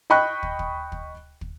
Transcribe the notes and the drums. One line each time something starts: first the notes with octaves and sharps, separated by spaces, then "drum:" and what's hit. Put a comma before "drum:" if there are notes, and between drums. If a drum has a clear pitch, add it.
D#5 G5 B5 C#6 F#6
drum: kick
drum: kick
drum: kick
drum: kick